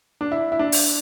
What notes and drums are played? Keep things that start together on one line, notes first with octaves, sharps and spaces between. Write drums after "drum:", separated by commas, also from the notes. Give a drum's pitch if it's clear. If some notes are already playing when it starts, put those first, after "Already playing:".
D4
E4
E4
D4
drum: open hi-hat